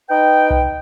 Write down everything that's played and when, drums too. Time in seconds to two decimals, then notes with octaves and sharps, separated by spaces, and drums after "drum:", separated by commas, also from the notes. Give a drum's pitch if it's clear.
0.09 D#4 B4 G5
0.50 drum: kick B1